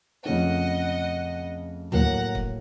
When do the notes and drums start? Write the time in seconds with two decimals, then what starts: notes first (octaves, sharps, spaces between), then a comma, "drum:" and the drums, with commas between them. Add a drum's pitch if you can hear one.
0.24 F2 C#3 A3 C#4 D#5 F#5
1.92 A2 F#3 A#3 F#5 A#5, drum: tom
2.35 drum: kick